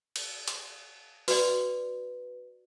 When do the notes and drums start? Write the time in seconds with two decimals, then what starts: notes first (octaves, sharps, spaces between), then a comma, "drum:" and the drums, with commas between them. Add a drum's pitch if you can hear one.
0.16 drum: cymbal
0.48 drum: hi-hat
1.28 F#4 B4 D5, drum: open hi-hat